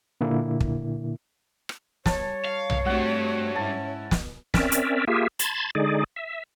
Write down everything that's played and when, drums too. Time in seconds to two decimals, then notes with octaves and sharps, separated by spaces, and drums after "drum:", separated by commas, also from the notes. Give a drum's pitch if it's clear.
0.21 A#2 D3 A#3 E4
0.60 drum: kick
1.69 drum: rim click
2.06 G3 C#5 A5, drum: snare
2.45 F5
2.70 drum: tom B1
2.86 G2 G3 A3 C4 F#4 F#5
3.56 G#2 C#4 E4 A5
4.11 drum: snare
4.54 C4 C#4 A#4 D5 E5, drum: snare
4.72 drum: hi-hat
5.08 A#3 F4 G4 G#4 E5
5.39 A5 B5 C6 G#6 A6, drum: hi-hat
5.75 D3 G#3 D#4 G#4 D5
6.16 E5